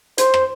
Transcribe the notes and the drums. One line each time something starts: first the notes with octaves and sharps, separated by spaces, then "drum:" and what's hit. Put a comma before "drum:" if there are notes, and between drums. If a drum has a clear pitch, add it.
C5, drum: hi-hat
drum: rim click